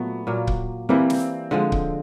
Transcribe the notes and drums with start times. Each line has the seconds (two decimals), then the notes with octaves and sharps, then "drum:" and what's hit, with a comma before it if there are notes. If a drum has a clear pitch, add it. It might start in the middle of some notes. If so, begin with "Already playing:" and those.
Already playing: A#2 F#3 A3 B3
0.27 A#2 F#3 A#3
0.47 drum: kick C#1
0.89 E3 G3 A#3 C4
1.10 drum: snare
1.51 D3 F3 G#3
1.72 drum: kick C#1